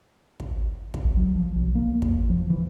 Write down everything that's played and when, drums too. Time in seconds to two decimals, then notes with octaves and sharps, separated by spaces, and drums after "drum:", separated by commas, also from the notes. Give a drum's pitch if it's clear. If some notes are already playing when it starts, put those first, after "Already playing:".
0.40 drum: kick
0.94 drum: kick
1.05 C2
1.17 F#3
1.35 F3
1.56 B1
1.75 A#3
2.02 E2, drum: kick
2.30 F3
2.50 E3